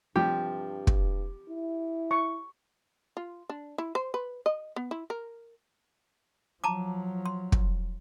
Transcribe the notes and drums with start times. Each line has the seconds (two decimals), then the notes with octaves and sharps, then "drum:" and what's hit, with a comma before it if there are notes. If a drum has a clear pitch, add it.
0.16 G2 C3 F3 G3 G4
0.87 drum: kick
1.50 E4
2.11 C#6
3.17 F4
3.50 D4
3.78 E4
3.95 C5
4.14 B4
4.46 D#5
4.76 B3
4.91 E4
5.10 A#4
6.64 F3 F#3 A5 A#5 D6
7.26 C6
7.52 drum: kick